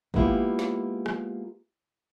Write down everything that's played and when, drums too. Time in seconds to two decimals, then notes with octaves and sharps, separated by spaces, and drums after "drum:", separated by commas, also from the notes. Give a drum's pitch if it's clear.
0.14 G#3 A#3 B3 E4 F4 G4, drum: kick
0.59 drum: snare
1.06 drum: rim click